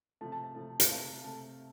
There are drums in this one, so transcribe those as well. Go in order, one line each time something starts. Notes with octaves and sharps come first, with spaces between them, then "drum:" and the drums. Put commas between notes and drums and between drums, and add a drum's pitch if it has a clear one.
C3 F3 A3 A5
A5
A5
C3 F3 A3
drum: hi-hat
C3 A3 F5
C3 A3 A5